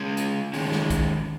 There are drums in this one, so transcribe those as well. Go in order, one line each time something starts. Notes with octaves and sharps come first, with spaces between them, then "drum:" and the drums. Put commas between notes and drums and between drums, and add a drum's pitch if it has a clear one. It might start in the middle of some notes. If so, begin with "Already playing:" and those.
Already playing: G#3 C#4 G#4
drum: hi-hat
D#3 G#3 C#4, drum: open hi-hat
drum: snare
drum: kick, hi-hat